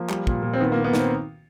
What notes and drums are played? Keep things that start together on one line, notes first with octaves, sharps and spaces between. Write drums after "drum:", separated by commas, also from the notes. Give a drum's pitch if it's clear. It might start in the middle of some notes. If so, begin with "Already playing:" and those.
Already playing: F3 A#3
G3, drum: clap
A#2, drum: kick
A#2
C4
D#3 B3
D#3 A#3
B3
D#3 C4, drum: snare